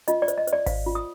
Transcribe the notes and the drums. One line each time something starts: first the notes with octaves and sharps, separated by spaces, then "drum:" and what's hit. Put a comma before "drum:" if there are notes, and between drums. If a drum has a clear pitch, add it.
F4 D#5, drum: hi-hat
D5
C5, drum: hi-hat
D#5
C5, drum: hi-hat
D5
C5 F5, drum: kick G#1, open hi-hat
F4
D#6